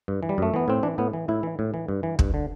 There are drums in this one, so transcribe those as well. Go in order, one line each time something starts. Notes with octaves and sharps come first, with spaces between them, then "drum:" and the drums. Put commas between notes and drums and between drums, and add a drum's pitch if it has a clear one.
G2
E3
G3
F#2 A3
E3 B3
A2 C4
E3 D4
A2 B3
E3
A2 E4
E3
A2
E3
G2
E3
G2, drum: kick
D3